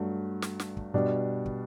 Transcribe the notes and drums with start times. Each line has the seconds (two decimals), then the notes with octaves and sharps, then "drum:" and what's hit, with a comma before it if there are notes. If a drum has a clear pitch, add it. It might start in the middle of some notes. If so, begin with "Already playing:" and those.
Already playing: G2 F#3 A3
0.42 drum: snare
0.60 drum: snare
0.77 drum: kick
0.94 B2 G3 D4
1.46 drum: kick